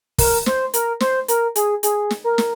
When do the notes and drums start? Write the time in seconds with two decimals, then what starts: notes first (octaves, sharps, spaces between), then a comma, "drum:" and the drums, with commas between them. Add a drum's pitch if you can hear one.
0.18 A#4, drum: kick, open hi-hat
0.46 C5, drum: snare
0.74 A#4, drum: hi-hat
1.00 C5, drum: snare
1.28 A#4, drum: hi-hat
1.56 G#4, drum: hi-hat
1.83 G#4, drum: hi-hat
2.11 drum: snare
2.24 A#4
2.38 drum: snare